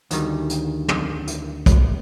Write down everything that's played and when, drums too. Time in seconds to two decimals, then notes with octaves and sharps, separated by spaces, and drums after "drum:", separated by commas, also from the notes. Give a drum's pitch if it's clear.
0.11 D2 D#3 G3, drum: hi-hat
0.49 drum: hi-hat
0.88 drum: tom
1.27 drum: hi-hat
1.66 drum: kick, hi-hat